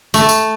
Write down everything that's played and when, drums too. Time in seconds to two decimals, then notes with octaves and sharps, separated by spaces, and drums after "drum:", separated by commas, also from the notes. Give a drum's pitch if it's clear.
0.14 A3, drum: tambourine
0.29 drum: tambourine